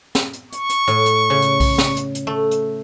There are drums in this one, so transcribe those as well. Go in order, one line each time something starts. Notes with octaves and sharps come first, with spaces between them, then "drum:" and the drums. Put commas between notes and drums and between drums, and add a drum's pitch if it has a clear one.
drum: snare
drum: hi-hat
C#6, drum: hi-hat
drum: hi-hat
A2, drum: hi-hat
drum: hi-hat
C#3
drum: hi-hat
drum: kick B1, open hi-hat
drum: snare
drum: hi-hat
drum: hi-hat
A3
drum: hi-hat